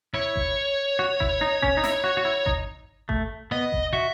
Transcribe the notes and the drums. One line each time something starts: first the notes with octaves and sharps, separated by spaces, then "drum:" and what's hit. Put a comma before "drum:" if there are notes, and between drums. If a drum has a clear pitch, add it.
E4 C#5
drum: kick G#1
F#4
E4, drum: kick G#1
D#4
C#4, drum: kick G#1
D#4
E4, drum: snare
F#4
F#4
E4
D#4, drum: kick G#1
A3, drum: kick G#1
B3 D#5
drum: kick G#1
F#4 E5